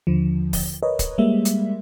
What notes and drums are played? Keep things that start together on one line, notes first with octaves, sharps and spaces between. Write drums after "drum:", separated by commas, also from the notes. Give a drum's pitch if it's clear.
D#2 D3 F3
drum: kick, open hi-hat
A#4 B4 C#5 D#5
drum: kick, hi-hat
G3 G#3 A#3 E5
drum: hi-hat